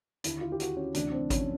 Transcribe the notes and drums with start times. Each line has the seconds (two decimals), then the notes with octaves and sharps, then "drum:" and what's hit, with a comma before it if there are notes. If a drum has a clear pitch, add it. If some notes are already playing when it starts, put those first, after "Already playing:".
0.24 D#2 D3 E4, drum: hi-hat
0.41 F4
0.52 G4
0.60 F#4, drum: hi-hat
0.77 C#4
0.94 D2 C3 E3 D4, drum: hi-hat
1.12 C4
1.30 C#4, drum: kick G#1, hi-hat